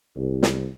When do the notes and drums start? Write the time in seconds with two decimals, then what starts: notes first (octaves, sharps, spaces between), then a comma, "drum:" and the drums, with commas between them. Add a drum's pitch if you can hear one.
0.16 C2
0.43 drum: snare